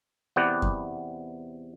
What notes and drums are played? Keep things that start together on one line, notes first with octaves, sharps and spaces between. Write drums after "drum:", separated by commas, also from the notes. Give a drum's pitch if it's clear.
E2 C3 B3 D5 F#5 G5
drum: kick F#2